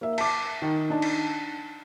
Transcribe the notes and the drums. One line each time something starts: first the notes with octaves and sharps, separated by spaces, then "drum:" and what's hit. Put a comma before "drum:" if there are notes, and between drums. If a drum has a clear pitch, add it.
A#3 E5
A5 D6, drum: cymbal
D#3
D4 D#4 A5
drum: cymbal